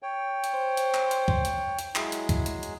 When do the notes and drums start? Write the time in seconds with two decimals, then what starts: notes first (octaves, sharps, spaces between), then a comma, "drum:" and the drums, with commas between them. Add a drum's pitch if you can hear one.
0.03 C#5 G5
0.44 drum: hi-hat
0.54 C5
0.77 drum: hi-hat
0.94 drum: clap
1.11 drum: hi-hat
1.28 drum: kick
1.45 drum: hi-hat
1.79 drum: hi-hat
1.95 F#3 G#3 E4 G#4, drum: clap
2.12 drum: hi-hat
2.29 drum: kick, hi-hat
2.46 drum: hi-hat
2.63 drum: hi-hat